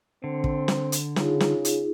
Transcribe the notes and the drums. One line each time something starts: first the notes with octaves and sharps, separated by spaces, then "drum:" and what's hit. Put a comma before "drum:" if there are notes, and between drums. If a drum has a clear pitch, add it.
D3 C4
drum: kick
drum: snare
drum: hi-hat
C#3 D#4 F4 G#4, drum: snare
drum: snare
drum: hi-hat